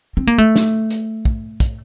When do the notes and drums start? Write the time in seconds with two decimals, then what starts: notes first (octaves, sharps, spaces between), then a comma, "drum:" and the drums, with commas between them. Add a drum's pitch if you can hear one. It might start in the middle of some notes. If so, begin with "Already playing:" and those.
0.17 C4
0.27 A#3
0.38 A3
0.56 drum: snare
0.90 drum: hi-hat
1.25 drum: kick
1.60 drum: kick, hi-hat